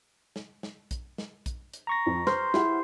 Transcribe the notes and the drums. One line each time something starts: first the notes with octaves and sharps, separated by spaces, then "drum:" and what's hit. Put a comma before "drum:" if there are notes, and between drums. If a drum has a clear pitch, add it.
drum: snare
drum: snare
drum: kick A#1, hi-hat
drum: snare
drum: kick A#1, hi-hat
drum: hi-hat
A#5 C#6 A#6
F2
C5 F6, drum: snare
E4 G4 G#4 F#5, drum: snare